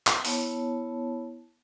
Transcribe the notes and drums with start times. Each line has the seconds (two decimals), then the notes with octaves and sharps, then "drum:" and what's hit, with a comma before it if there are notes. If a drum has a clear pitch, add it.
0.07 drum: clap
0.25 B3 E4 C#5 A5, drum: open hi-hat